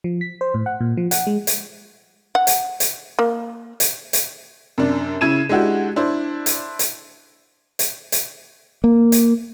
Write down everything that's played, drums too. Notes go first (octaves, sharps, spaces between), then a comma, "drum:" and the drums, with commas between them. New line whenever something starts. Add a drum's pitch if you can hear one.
F3
B6
C5
A2
F#5
A#2
F3
F#5, drum: hi-hat
G#3
drum: hi-hat
F#5
drum: hi-hat
drum: hi-hat
A#3
drum: hi-hat
drum: hi-hat
F#2 C3 D4
C#3 E4 G#6 D#7 E7
G#3 D4 E4 F#4 G4
D4 E4 C5
drum: hi-hat
drum: hi-hat
drum: hi-hat
drum: hi-hat
A#3
drum: hi-hat